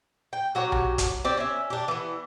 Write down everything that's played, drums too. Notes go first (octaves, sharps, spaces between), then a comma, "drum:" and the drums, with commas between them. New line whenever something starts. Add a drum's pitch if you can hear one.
G5
F#3 F#4 G4 C#5
drum: tom B1
drum: kick, hi-hat
C4 G4 D5
C#4 E5
D4 G4
E3 B3